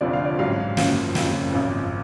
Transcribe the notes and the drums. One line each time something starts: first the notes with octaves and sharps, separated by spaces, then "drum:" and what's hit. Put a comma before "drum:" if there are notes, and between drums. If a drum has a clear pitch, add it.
F1 F2 D3 F3 D5
F5
D5
A1 G#2 F#3 F5
F#1 F#2 F3 F5, drum: snare
F#1 F2 C#3 F#3, drum: snare
G#1 F#2 F3